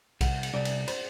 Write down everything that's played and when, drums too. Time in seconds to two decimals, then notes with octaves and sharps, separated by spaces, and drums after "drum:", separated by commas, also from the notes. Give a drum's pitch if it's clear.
0.21 C2 F#5, drum: kick B1, cymbal
0.43 drum: cymbal
0.54 C2 D5
0.65 drum: cymbal
0.88 C5, drum: cymbal